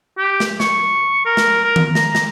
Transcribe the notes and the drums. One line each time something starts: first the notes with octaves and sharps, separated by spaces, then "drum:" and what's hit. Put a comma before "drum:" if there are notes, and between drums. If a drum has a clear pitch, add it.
G4
drum: snare
C#6, drum: snare
A#4
drum: snare
A#4
drum: tom D#3
A#5, drum: snare
drum: snare